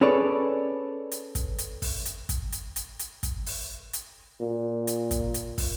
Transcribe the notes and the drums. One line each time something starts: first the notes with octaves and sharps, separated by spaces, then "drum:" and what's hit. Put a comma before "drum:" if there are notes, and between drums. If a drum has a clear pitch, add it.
C#4 G#4 A4 B4 C#5 D5
drum: hi-hat
drum: kick, hi-hat
drum: hi-hat
drum: kick, open hi-hat
drum: hi-hat
drum: kick, hi-hat
drum: hi-hat
drum: hi-hat
drum: hi-hat
drum: kick, hi-hat
drum: open hi-hat
drum: hi-hat
A#2
drum: hi-hat
drum: kick, hi-hat
drum: hi-hat
drum: kick, open hi-hat